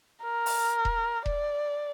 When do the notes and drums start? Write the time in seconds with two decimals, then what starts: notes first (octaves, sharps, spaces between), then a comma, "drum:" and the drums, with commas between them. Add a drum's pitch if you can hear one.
0.23 A#4
0.46 drum: open hi-hat
0.85 drum: kick E1
1.26 D5, drum: kick E1